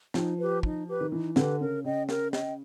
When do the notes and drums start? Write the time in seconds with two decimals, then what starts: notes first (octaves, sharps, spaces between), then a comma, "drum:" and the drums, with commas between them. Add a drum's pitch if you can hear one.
0.14 F3 D#4, drum: snare
0.38 G4 B4
0.63 D#4, drum: kick
0.87 G4 B4
1.00 D#3
1.11 E3 D#4
1.36 D3 G4 B4, drum: snare
1.60 C#3 A#4
1.84 C#3 D#5 G5
2.09 A#4, drum: snare
2.33 D#5 G5, drum: snare